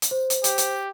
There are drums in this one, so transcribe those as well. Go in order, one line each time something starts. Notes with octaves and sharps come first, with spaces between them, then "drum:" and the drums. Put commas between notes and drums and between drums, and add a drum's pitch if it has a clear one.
drum: hi-hat
C5
drum: hi-hat
G4, drum: hi-hat
drum: hi-hat